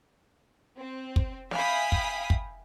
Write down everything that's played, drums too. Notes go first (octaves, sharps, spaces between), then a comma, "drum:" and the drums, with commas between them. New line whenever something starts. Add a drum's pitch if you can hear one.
C4
drum: kick
E5 F5 G5 G#5 B5 D#6, drum: snare
drum: kick
drum: kick